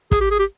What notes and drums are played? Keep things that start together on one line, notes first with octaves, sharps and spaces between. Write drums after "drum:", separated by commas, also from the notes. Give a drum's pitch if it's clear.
G#4, drum: kick, hi-hat
G4
G#4
G4